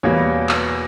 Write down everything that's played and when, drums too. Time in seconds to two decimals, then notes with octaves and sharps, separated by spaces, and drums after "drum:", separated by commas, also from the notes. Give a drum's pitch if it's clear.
0.03 E2 B2 G3 A#3 C#5
0.49 drum: clap